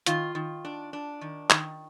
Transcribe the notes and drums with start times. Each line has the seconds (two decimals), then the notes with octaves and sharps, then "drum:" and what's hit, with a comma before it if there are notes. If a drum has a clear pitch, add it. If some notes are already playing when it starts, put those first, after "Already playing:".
0.06 D#3 F4, drum: hi-hat
0.35 D#3
0.65 D4
0.93 D4
1.21 D#3
1.50 D#3, drum: clap